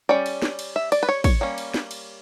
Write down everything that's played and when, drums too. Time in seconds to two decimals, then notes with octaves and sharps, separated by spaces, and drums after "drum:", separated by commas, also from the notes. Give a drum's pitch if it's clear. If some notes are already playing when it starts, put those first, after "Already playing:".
0.09 G3 C#4 D5
0.26 drum: cymbal
0.42 drum: snare
0.59 drum: cymbal
0.76 E5
0.92 D5, drum: cymbal
1.03 B4
1.09 C#5
1.24 C#5, drum: kick, cymbal
1.41 G3 A#3 C#4
1.58 drum: cymbal
1.74 drum: snare
1.91 drum: cymbal